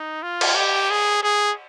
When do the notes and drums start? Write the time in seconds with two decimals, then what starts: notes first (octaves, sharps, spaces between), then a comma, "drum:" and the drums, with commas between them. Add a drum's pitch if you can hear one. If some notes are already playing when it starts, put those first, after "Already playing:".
Already playing: D#4
0.23 F4
0.41 drum: cymbal
0.55 G4
0.90 G#4
1.23 G#4